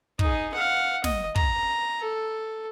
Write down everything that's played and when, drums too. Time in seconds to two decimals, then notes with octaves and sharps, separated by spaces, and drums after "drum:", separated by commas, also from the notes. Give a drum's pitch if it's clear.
0.19 D#4 G#4, drum: kick
0.54 F5 F#5
1.04 D#5, drum: snare
1.36 A#5, drum: kick
2.01 A4